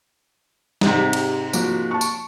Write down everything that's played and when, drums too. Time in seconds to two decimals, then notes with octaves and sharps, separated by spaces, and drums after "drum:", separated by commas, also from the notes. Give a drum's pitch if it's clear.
0.81 G#2 C3 G4, drum: snare
1.13 drum: cymbal
1.53 F3 A#3 F#4, drum: tambourine
1.91 A5 C#6
2.01 drum: tambourine